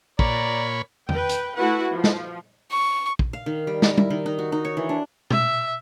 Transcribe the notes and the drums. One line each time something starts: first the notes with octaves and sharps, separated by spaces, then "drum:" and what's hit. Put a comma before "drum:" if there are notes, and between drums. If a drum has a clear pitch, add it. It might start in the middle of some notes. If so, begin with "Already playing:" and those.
A#2 C#5 D5 A#5 B5, drum: kick
B4 G5, drum: tom E2
drum: hi-hat
A3 E4 F#4 B4 F#5
F3
drum: snare
C#6
drum: kick
F5
D#3
G3
A#4, drum: snare
E4, drum: tom G3
D#3
D#4
F#4
D#4
C#5
E3
D4
E5, drum: tom B2